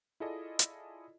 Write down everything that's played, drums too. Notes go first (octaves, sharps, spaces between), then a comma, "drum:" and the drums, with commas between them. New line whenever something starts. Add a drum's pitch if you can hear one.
E4 F4 G#4 A4 D5 D#5
drum: hi-hat